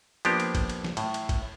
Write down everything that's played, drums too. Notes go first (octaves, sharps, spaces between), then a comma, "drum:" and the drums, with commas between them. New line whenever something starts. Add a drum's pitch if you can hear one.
F3 A#3 B3 D4 G4, drum: cymbal
drum: cymbal
drum: kick, cymbal
drum: cymbal
drum: snare
A2, drum: cymbal
drum: cymbal
drum: kick, cymbal